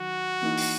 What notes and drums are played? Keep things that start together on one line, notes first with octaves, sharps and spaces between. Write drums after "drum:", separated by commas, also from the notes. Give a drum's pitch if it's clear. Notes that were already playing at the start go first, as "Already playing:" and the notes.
Already playing: D#3 F#3 F#4
E3 A#3 D#4
drum: open hi-hat